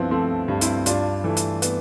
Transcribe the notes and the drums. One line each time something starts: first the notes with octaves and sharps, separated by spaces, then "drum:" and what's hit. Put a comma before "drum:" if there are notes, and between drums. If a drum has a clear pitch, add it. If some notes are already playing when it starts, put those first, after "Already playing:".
Already playing: G2 F3 B3 C4 E4
F3 A3 C4
G2
C4 E4, drum: hi-hat
G2 D4 F4, drum: hi-hat
E3 A3
drum: hi-hat
B3, drum: hi-hat